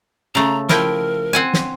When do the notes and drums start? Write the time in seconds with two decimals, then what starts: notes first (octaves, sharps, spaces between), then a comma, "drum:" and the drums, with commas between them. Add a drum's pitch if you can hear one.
0.35 C#3 A3 A#5
0.69 F3 E4 A#4 G5, drum: snare
1.33 C4 F#5 G#5
1.54 drum: snare